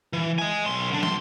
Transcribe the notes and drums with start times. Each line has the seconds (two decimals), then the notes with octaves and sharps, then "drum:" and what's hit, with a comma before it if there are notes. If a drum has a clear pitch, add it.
0.13 E3
0.39 D#5 G#5
0.66 B1 C6
0.91 D3 D4
1.03 B1 C6, drum: snare